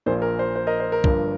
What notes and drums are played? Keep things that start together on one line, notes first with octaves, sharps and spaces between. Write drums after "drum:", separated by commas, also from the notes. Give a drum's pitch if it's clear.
A#1 A#2 A#3 C5
A#4
C5
C5
A#4 D#5
C5
A#4
G1 G2 F3 A#3, drum: kick